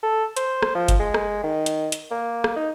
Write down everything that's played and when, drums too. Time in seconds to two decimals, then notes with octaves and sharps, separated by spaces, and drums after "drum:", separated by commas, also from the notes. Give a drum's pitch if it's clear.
0.03 A4
0.37 C5, drum: hi-hat
0.62 drum: rim click
0.75 F3
0.88 drum: kick F#1, hi-hat
1.00 G#3
1.14 drum: rim click
1.44 D#3
1.66 drum: hi-hat
1.92 drum: hi-hat
2.11 A#3
2.44 drum: rim click
2.56 D#4